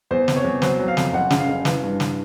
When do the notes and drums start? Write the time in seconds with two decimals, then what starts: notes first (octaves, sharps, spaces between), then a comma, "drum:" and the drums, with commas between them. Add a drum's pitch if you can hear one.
0.11 E2 C5
0.28 C3, drum: snare
0.36 C#5
0.44 E2
0.62 F#3 C5, drum: snare
0.79 F#3
0.88 F5
0.97 F2, drum: snare
1.14 F#1 F#5
1.30 C#3, drum: snare
1.40 F5
1.48 F#1
1.65 E3, drum: snare
1.83 G2
2.00 drum: snare